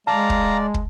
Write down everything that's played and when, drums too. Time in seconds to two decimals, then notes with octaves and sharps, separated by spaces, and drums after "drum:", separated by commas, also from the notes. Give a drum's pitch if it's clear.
0.07 G#3 D5 F5 A5 A#5
0.30 drum: kick
0.74 drum: kick